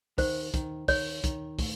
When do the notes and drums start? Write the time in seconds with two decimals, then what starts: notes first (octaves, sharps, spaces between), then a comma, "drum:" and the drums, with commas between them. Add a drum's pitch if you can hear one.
0.18 D#3 C5, drum: kick, open hi-hat
0.54 D#3, drum: kick, hi-hat
0.88 D#3 C#5, drum: kick, open hi-hat
1.24 D#3, drum: kick, hi-hat
1.59 A2, drum: kick, open hi-hat